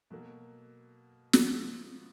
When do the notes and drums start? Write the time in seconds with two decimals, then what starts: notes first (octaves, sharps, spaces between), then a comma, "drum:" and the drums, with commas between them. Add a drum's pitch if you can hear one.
0.10 B2 F#3 A#3
1.33 G#2 F3 B3 F#4, drum: snare